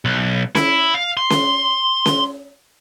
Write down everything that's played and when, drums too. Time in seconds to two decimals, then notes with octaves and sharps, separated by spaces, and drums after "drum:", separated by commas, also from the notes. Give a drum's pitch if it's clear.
0.05 B1
0.55 E4, drum: snare C#4
0.94 F5
1.17 C6
1.30 drum: snare C#4
2.06 drum: snare C#4